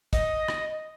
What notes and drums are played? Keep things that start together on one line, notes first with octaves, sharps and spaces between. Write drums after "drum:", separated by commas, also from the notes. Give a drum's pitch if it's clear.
D#5, drum: kick, hi-hat
drum: rim click